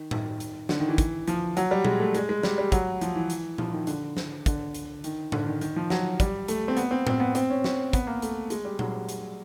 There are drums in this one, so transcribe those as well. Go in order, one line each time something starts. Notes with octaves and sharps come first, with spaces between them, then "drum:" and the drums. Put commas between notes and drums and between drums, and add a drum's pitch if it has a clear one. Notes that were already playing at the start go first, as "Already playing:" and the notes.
Already playing: D#3
D#3, drum: tom A2
drum: hi-hat
D3, drum: snare
D#3
E3
drum: kick, hi-hat
F3, drum: hi-hat
F#3, drum: hi-hat
G3
G#3, drum: tom A#2
A3
G#3, drum: hi-hat
G#3
G3, drum: snare
G3
F#3, drum: kick, hi-hat
F3, drum: hi-hat
E3
drum: hi-hat
F3, drum: tom A#2
D#3
D3, drum: hi-hat
drum: snare
D3, drum: kick, hi-hat
drum: hi-hat
D#3, drum: hi-hat
D3, drum: tom A2
D#3
D#3, drum: hi-hat
F3
F#3, drum: snare
G3, drum: kick, hi-hat
A3, drum: hi-hat
C4
B3, drum: hi-hat
C4
C4, drum: tom A2
B3
C4, drum: hi-hat
C#4
C#4, drum: snare
B3, drum: kick, hi-hat
A#3
A3, drum: hi-hat
G#3, drum: hi-hat
G3
F#3, drum: tom A#2
drum: hi-hat